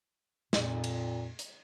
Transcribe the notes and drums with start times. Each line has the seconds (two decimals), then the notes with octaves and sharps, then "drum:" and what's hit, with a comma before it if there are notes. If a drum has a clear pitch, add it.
0.53 F2 A#2, drum: snare
0.84 drum: cymbal
1.39 drum: hi-hat